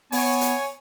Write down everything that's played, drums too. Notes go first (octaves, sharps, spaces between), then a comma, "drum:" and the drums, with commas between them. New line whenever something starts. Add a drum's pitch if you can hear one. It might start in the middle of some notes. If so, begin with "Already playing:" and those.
B3 C#5 G#5, drum: open hi-hat
drum: hi-hat